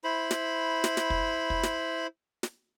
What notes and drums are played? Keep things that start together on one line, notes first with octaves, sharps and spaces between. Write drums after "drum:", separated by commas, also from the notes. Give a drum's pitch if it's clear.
E4 C5 B5
drum: snare
drum: snare
drum: snare
drum: kick
drum: kick
drum: snare
drum: snare